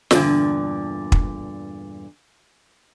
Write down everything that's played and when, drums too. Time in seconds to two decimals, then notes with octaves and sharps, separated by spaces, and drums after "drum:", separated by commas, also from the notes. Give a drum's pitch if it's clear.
0.11 E2 G2 A#2 D3, drum: snare
1.12 drum: kick